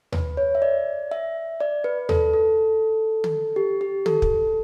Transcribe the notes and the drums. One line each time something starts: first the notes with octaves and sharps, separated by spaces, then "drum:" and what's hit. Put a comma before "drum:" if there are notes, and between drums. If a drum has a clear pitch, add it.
B4, drum: tom D#2
C#5
E5
D5
E5
D5
B4
A4, drum: tom D#2
A4
drum: tom
G4
G4
A4, drum: tom
drum: kick